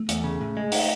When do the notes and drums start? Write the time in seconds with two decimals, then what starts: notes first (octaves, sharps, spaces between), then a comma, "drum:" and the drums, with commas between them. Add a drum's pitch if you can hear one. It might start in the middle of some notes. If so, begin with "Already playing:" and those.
Already playing: A3
0.09 E2, drum: hi-hat
0.24 C#3
0.41 A2
0.57 G#3
0.72 D#4, drum: open hi-hat